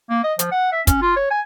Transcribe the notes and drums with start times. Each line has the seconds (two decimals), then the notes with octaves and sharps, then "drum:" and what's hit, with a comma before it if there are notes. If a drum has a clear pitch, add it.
0.10 A#3
0.24 D#5
0.39 F3, drum: hi-hat
0.52 F#5
0.72 E5
0.87 C#4, drum: kick, hi-hat
1.02 F4
1.16 C#5
1.31 G#5